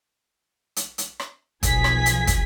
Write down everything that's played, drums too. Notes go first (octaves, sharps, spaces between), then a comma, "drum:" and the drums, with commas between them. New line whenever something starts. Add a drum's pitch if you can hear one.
drum: hi-hat
drum: hi-hat
drum: rim click
B1 F3 G#4 G#6 B6, drum: kick, hi-hat
drum: rim click
drum: hi-hat
drum: kick, hi-hat